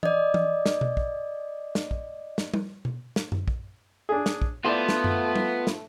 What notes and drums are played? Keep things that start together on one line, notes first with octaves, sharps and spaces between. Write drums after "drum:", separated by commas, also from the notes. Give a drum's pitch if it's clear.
D5 D#5, drum: tom E3
drum: tom E3
drum: snare
drum: tom B2
drum: kick
drum: snare
drum: kick
drum: snare
drum: tom G3
drum: tom B2
drum: snare
drum: tom F#2
drum: kick
D4 G#4
drum: snare
drum: kick
A3 B3 E4 F4 C5 D5
drum: snare
drum: tom F#2
drum: tom G3
drum: snare